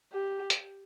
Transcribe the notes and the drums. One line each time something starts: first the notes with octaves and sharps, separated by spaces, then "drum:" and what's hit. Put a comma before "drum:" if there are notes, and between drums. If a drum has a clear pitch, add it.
G4
drum: hi-hat